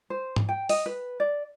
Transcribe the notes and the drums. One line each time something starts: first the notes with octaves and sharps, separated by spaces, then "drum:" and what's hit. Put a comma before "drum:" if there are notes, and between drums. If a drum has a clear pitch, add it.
C5
drum: tom G#2
G5
D#5, drum: open hi-hat
B4
D5